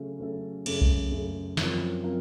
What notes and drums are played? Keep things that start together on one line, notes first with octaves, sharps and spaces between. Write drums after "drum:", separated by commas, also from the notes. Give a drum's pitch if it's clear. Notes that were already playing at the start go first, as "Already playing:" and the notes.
Already playing: C#3 F#3 A3 C#4 A4
C#3 F#3 A3 C#4 A4
F#2 C#3 A3, drum: cymbal
drum: kick C2
F#2 C#3 A3
F#2 F3 C4 F4 A#4, drum: snare
F3 C4 F4 A#4